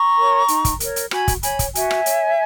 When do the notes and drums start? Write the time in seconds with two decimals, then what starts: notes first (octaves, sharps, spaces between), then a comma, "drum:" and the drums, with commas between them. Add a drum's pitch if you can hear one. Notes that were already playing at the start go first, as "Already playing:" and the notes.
Already playing: A#5 C#6
0.17 A#4 C#5
0.48 D#4, drum: hi-hat
0.65 drum: kick, hi-hat
0.80 A#4 C#5, drum: hi-hat
0.96 drum: hi-hat
1.11 F#4 G#5 B5, drum: rim click
1.28 drum: kick, hi-hat
1.43 C#5 G#5 B5, drum: hi-hat
1.59 drum: kick, hi-hat
1.75 F#4 E5 G#5, drum: hi-hat
1.91 drum: rim click
2.06 C#5, drum: hi-hat